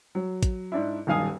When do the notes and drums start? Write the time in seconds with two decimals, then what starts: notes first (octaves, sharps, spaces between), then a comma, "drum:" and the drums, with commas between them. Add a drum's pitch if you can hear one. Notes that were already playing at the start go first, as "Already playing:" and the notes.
0.15 F#3
0.43 drum: kick, hi-hat
0.72 G#2 D4 E4
1.07 D#1 B1 G2 F5 G#5 D#6